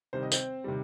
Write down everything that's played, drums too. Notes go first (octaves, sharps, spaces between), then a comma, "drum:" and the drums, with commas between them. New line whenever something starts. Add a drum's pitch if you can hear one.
C3 D#3 G3 C5
D#5
C4 C5, drum: tambourine
C3 D#3 G3